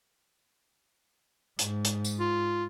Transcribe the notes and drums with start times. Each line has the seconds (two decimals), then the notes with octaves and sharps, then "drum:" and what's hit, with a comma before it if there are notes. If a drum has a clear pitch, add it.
1.59 G#2, drum: hi-hat
1.85 drum: hi-hat
2.04 drum: tambourine
2.20 F4